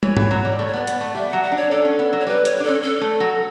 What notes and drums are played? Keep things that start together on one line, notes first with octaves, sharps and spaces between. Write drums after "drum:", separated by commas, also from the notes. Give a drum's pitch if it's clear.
E3 C#5, drum: tom
E3, drum: tom G#2
F#3
G3
A3 D5
C#5
B3 D5
B3, drum: hi-hat
A3
G3 E5
F#3 F#5
F#5
D4 C#5
D4 A4
C#4
B3
F#3
C#5
G3 B4
C#5, drum: hi-hat
D4
C#4 A4
A4
A3
F#3